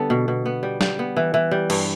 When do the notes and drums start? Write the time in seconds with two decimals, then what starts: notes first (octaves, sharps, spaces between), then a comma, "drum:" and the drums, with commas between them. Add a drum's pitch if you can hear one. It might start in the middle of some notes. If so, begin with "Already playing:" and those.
Already playing: D3 G3 B3 A4
0.10 B2
0.28 B2
0.46 B3
0.63 G3
0.81 G3, drum: snare
0.99 B3
1.16 E3
1.34 E3
1.51 G3
1.70 G2, drum: cymbal